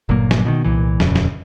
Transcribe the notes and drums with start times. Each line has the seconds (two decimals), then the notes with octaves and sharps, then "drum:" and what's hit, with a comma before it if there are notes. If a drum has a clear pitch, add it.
0.09 G1 A#2 F#3 A#3
0.31 drum: snare
0.45 B2 D3 D#3
0.64 C2 A#2 E3
1.00 D#1 F2 C#3, drum: snare
1.15 drum: snare